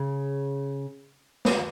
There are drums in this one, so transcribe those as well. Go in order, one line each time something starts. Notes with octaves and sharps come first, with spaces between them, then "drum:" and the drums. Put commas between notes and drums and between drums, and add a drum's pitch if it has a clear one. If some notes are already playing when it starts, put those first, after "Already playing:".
Already playing: C#3
drum: snare